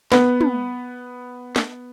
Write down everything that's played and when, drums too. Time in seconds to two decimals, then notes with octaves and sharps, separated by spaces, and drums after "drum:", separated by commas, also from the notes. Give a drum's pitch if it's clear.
0.12 B3 B4, drum: snare
0.41 drum: tom
1.56 drum: snare